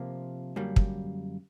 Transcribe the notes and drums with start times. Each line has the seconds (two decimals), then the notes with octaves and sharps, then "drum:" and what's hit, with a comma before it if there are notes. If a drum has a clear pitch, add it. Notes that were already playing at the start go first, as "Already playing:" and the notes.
Already playing: C3 F3 A#3
0.56 F#2 D3 G3 A#3
0.76 drum: kick